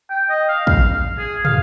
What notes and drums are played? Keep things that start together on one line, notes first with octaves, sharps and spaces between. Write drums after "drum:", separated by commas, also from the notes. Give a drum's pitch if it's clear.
G5
D#5
F5
F5, drum: kick
G#4
F5, drum: tom